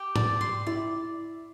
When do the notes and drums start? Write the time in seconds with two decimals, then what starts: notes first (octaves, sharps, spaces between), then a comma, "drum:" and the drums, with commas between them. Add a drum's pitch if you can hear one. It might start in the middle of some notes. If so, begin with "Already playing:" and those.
Already playing: G4
0.16 D5, drum: tom G#2
0.41 C6
0.67 E4 D5